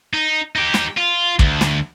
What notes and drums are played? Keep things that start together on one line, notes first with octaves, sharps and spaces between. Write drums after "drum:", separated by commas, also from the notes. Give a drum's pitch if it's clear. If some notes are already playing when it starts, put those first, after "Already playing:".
D#4
D#4 G4
drum: snare
F4
D2, drum: kick
drum: snare